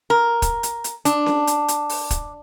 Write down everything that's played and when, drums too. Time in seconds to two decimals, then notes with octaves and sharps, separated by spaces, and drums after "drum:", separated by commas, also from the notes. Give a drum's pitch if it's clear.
0.10 A#4
0.42 drum: kick, hi-hat
0.63 drum: hi-hat
0.84 drum: hi-hat
1.05 D4, drum: hi-hat
1.26 drum: snare C#4
1.47 drum: hi-hat
1.68 drum: hi-hat
1.89 drum: open hi-hat
2.10 drum: kick, hi-hat